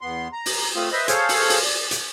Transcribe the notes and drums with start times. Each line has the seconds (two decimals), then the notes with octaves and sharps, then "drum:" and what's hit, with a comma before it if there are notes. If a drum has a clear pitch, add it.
0.01 E2 B3 C6
0.33 A#5
0.46 drum: open hi-hat
0.75 A3 C4 F4 D#6
0.92 B4 C5 D#5 E5
1.08 G#4 A4 C5 C#5 F5, drum: hi-hat
1.29 drum: open hi-hat
1.49 drum: open hi-hat
1.63 D5
1.91 drum: hi-hat